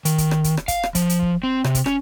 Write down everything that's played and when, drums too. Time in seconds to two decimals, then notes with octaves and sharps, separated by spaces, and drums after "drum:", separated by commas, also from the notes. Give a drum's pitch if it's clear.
0.05 D#3, drum: hi-hat
0.18 drum: kick, hi-hat
0.31 drum: rim click
0.44 drum: kick, hi-hat
0.57 drum: rim click
0.68 F5, drum: kick, hi-hat
0.83 drum: rim click
0.95 F3, drum: kick, hi-hat
1.09 drum: hi-hat
1.22 drum: kick
1.43 C4
1.64 C3, drum: rim click
1.75 drum: kick, hi-hat
1.86 C#4, drum: rim click